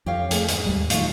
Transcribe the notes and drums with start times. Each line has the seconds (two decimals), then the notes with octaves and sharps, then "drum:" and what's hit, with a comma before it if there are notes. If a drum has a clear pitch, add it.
0.06 F2 G4 C#5 F5
0.31 A3 A#3 G#4, drum: hi-hat
0.48 E2 G#2, drum: hi-hat
0.66 D#2 G3
0.90 A2 D#3 F#3 F4, drum: hi-hat